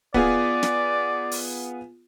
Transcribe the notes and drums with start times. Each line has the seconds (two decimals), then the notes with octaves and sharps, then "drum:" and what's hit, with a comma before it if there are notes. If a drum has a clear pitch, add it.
0.14 B3 F4 G#4 D5, drum: kick
0.63 drum: snare
1.31 drum: open hi-hat